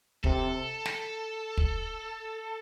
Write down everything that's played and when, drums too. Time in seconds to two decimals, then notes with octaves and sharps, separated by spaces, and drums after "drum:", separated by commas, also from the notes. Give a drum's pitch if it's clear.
0.24 C3 A4, drum: kick
0.85 drum: snare
1.57 drum: kick